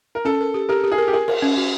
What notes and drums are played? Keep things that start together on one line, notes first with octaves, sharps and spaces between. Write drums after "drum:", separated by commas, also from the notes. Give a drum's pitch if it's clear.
A#4
C#4 A4
A#4
G4
G4 A#4
G4
G#4
A#4
G4
G#4 A#4
A#4, drum: cymbal
C#4
F#4